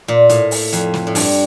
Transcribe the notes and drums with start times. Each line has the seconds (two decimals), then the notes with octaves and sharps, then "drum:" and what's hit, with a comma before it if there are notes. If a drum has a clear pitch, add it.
0.08 A#2
0.29 A2, drum: hi-hat
0.51 drum: open hi-hat
0.73 F2, drum: hi-hat
0.94 drum: snare
1.07 A2
1.15 G2, drum: open hi-hat